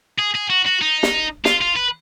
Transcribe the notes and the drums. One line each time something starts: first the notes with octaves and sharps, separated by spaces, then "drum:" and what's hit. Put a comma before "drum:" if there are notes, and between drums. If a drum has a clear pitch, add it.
G#4
G#4
F#4
F#4
D#4
drum: snare
F4, drum: snare
F4
B4